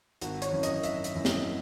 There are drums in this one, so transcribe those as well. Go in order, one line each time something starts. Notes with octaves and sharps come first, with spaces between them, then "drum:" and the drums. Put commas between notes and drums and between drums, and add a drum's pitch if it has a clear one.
G#1 F#4, drum: hi-hat
C#5, drum: hi-hat
F#2 E3
D#5, drum: hi-hat
G#1 E5, drum: hi-hat
drum: hi-hat
F#2 E3
drum: snare